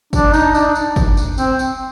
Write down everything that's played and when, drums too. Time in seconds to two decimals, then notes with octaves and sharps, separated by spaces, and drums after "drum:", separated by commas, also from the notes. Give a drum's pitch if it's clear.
0.13 D4, drum: kick, tambourine
0.34 D#4, drum: tambourine
0.55 D4, drum: tambourine
0.75 drum: tambourine
0.96 drum: kick, tambourine
1.17 drum: tambourine
1.38 C4, drum: tambourine
1.59 drum: tambourine